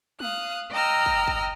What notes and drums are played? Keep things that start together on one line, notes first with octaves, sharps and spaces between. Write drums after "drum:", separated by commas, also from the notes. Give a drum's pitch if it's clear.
F5 D#6 F#6, drum: tom
D#5 G5 A#5 E6 F6
drum: kick
drum: kick